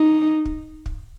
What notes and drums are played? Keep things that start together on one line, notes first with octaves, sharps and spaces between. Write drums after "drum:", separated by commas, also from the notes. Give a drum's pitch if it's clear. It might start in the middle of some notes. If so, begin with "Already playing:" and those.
Already playing: D#4
drum: kick
drum: kick